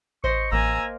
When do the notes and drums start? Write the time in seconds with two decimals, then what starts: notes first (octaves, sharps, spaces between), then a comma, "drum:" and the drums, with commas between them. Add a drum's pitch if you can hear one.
0.24 C5 D#5 C#6, drum: kick A1
0.52 A1 A#3 G#5 A#5 E6